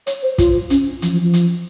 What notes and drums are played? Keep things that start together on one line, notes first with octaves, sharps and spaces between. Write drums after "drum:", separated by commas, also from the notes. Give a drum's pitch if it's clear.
C#5, drum: hi-hat
C5
F4, drum: kick, hi-hat
C#4, drum: hi-hat
F3, drum: hi-hat
F3
F3
drum: hi-hat